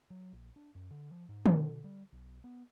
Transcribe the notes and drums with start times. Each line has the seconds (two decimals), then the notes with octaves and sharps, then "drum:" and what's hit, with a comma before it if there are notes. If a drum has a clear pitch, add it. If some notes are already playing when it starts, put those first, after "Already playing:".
0.10 F#3
0.33 A#1
0.56 D4
0.75 F#2
0.90 D3
1.11 F3
1.29 G#2
1.46 drum: tom
1.55 B2
1.84 G3
2.12 B1
2.44 B3